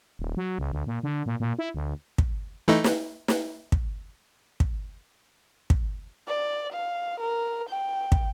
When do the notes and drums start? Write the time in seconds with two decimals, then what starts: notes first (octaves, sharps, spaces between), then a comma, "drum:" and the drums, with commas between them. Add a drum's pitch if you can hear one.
0.19 D#1
0.37 F#3
0.58 C#2
0.72 D2
0.87 A#2
1.03 D3
1.26 A#2
1.40 A#2
1.59 E4
1.74 D2
2.18 drum: kick
2.68 E3 A3 D#4
2.84 drum: snare
3.28 drum: snare
3.72 drum: kick
4.60 drum: kick
5.70 drum: kick
6.27 D5
6.73 F5
7.20 A#4
7.69 G5
8.12 drum: kick